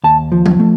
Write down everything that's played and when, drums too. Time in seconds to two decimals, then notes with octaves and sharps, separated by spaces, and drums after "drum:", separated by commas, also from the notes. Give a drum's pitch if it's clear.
0.04 D#2 A5
0.32 F3
0.46 drum: tom F#3
0.60 A3